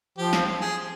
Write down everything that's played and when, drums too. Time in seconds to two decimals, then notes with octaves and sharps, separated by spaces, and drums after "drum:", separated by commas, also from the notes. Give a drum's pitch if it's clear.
0.18 F3 G4
0.33 drum: snare
0.61 G#4